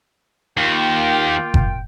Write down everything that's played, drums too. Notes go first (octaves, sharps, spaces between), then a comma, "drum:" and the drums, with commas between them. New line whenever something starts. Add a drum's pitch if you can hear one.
D#2 A#3 F4 G5
drum: kick F#1